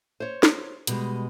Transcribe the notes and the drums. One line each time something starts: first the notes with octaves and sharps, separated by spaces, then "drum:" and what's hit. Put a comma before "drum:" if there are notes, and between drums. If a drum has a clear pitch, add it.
C5 C#5
drum: snare
B2 G3 G#3, drum: hi-hat